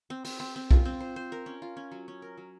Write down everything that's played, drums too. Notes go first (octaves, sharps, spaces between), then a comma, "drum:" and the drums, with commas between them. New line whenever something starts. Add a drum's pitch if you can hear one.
C4
C4, drum: open hi-hat
C4
C4
F4, drum: kick B1
C4
C5
C5
A#4
C#4
F4
C#4
F#3
C#4
A#4
F#3